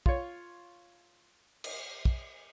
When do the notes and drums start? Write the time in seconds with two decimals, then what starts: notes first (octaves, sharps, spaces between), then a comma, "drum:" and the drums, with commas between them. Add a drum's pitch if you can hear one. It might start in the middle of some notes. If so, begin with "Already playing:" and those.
0.06 F4 C#5, drum: kick
1.64 drum: cymbal
2.05 drum: kick